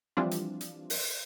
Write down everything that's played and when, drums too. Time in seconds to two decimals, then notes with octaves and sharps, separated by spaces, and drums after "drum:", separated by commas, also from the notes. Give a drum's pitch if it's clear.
0.17 E3 F3 G3 C4 D4 F4
0.31 drum: hi-hat
0.61 drum: hi-hat
0.90 drum: open hi-hat